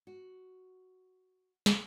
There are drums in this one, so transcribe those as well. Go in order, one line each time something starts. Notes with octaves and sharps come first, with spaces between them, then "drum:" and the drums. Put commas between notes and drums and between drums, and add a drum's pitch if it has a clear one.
F#4
drum: snare